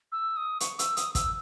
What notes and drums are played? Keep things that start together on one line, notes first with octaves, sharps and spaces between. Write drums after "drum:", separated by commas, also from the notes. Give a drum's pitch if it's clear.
E6
D#6
C#6, drum: hi-hat
E6, drum: hi-hat
D#6, drum: hi-hat
E6, drum: kick, hi-hat